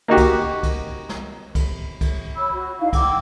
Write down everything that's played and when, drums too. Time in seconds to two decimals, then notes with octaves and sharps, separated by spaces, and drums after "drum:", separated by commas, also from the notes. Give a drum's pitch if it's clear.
0.08 A#3 D#4 F#4 G4
0.17 drum: kick C2, cymbal
0.63 drum: kick C2, cymbal
1.09 drum: snare
1.55 drum: kick C2, cymbal
2.01 drum: kick C2, cymbal
2.36 C#5 B5 E6
2.52 F#4
2.79 D#4 E4 F5
2.93 F#5 G5 D6 E6, drum: kick C2, cymbal